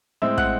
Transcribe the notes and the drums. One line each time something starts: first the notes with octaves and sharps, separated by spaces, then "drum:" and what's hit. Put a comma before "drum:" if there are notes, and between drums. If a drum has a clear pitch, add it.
A2 G#3 C4 E5 E6
F#5 F#6, drum: kick